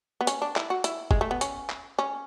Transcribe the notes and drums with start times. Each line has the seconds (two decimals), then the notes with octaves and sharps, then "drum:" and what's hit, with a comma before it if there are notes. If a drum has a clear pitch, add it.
0.21 B3
0.27 C#4, drum: hi-hat
0.42 D4
0.56 E4, drum: clap
0.70 F#4
0.84 E4, drum: hi-hat
1.11 G#3, drum: kick G1
1.21 A3
1.31 B3
1.41 C#4, drum: hi-hat
1.70 drum: clap
1.99 C#4